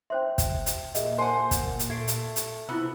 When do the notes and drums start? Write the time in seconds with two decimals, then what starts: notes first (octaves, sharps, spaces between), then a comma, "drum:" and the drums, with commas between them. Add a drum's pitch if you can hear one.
0.10 C#4 C5 E5 G5 C6
0.38 drum: kick, hi-hat
0.66 drum: hi-hat
0.95 A#2 G#4 D#5 E5, drum: hi-hat
1.18 A#4 C5 F#5 G#5 A5
1.51 drum: kick, hi-hat
1.79 drum: hi-hat
1.90 A3 G#6 C7 D7
2.08 drum: hi-hat
2.36 drum: hi-hat
2.69 C3 B3 E4 F4 E6